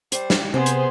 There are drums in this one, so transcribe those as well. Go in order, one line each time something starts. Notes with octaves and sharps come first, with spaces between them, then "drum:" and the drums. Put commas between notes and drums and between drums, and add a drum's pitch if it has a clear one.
G3 C5, drum: hi-hat
drum: snare
C3 B3 C4 G#4 C5
drum: hi-hat